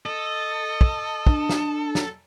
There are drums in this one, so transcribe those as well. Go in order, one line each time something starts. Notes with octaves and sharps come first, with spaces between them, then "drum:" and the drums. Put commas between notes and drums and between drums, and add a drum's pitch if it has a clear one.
A4 D#5
drum: kick
D4, drum: kick
drum: snare
drum: snare